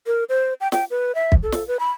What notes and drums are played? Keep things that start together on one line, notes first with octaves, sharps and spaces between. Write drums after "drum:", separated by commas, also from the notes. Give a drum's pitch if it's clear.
A#4
C5
G5
G5, drum: snare
B4
E5
drum: kick
A4
drum: snare
B4
B5